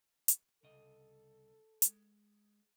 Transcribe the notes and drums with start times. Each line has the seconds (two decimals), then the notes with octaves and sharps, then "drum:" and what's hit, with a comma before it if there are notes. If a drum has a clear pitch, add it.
0.28 drum: hi-hat
0.63 C2 C#3 A4 D#5
1.82 G#3, drum: hi-hat